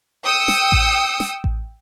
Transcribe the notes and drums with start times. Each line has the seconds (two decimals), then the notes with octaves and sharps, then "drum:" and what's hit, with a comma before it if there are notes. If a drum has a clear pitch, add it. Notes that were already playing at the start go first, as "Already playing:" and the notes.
0.24 G5 D#6 E6 C#7
0.48 drum: snare
0.72 drum: kick A1
1.20 drum: snare
1.44 drum: kick A1